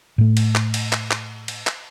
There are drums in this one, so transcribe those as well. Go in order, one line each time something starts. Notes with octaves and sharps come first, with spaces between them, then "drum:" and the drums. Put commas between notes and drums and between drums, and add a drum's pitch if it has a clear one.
A2 A3
drum: cymbal
drum: clap
drum: cymbal
drum: clap
drum: clap
drum: cymbal
drum: clap